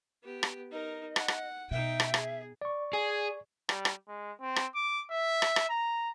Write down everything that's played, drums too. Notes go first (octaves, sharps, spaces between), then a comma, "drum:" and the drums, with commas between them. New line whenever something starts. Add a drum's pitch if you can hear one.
B3 G4
drum: rim click
D#4 A#4 D#5
F#5, drum: rim click
drum: rim click
B2 D#4 E5 G5
drum: rim click
G#4, drum: rim click
D5 C#6
G#4
G3, drum: rim click
drum: rim click
G#3
C4
drum: rim click
D6
E5
drum: rim click
drum: rim click
A#5